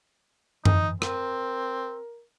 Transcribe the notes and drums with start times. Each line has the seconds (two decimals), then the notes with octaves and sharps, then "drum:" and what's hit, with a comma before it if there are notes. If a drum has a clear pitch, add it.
0.65 E3 D#4, drum: tom F#2
1.02 C4 A#4, drum: rim click